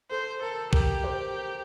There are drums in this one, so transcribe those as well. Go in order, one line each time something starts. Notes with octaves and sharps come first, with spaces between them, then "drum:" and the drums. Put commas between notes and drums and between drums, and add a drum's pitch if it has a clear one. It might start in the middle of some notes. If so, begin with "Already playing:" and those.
A4 C5
A4 A#4
G4 A#4, drum: kick A#1
C5